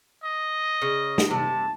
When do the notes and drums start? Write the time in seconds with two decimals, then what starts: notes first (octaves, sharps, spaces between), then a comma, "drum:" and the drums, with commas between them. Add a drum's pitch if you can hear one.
0.24 D#5
0.82 C#3
1.18 drum: snare
1.31 C3 A5